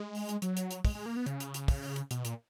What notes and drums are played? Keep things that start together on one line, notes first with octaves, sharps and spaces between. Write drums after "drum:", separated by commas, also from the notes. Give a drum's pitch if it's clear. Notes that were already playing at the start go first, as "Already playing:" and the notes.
Already playing: G#3
drum: open hi-hat
drum: hi-hat
F#3, drum: hi-hat
drum: hi-hat
drum: hi-hat
G#3, drum: kick, open hi-hat
G#3
A#3
B3
C#3, drum: hi-hat
drum: hi-hat
drum: hi-hat
drum: kick, open hi-hat
drum: open hi-hat
drum: hi-hat
B2, drum: hi-hat
A#2, drum: hi-hat